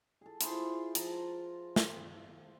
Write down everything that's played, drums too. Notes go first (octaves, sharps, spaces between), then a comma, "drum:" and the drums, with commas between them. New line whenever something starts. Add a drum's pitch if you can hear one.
G#4 A4
E4 F4 G#4 C5, drum: hi-hat
F3 A5 A#5, drum: hi-hat
drum: snare